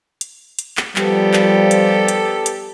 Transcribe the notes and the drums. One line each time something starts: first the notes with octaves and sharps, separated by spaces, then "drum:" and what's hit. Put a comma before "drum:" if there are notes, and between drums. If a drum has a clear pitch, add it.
drum: hi-hat
drum: hi-hat
drum: clap
F3 G3 B3 G4 A4, drum: clap
drum: clap
drum: hi-hat
drum: hi-hat
drum: hi-hat